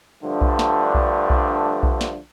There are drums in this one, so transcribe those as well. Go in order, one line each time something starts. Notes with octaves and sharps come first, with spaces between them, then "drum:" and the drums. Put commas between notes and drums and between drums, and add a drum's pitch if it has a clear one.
G2 D3 F3 A3 D4
drum: kick B1
drum: snare
drum: kick B1
drum: kick B1
drum: kick B1
drum: snare